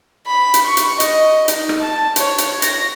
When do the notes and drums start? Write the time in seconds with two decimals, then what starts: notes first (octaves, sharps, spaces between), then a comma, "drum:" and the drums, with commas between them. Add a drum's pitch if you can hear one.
0.27 B5
0.54 drum: hi-hat
0.66 C#6
0.77 drum: hi-hat
1.00 D#5, drum: hi-hat
1.48 D#4, drum: hi-hat
1.69 drum: rim click
1.82 A5
2.16 C#5, drum: hi-hat
2.38 drum: hi-hat
2.62 A#6, drum: hi-hat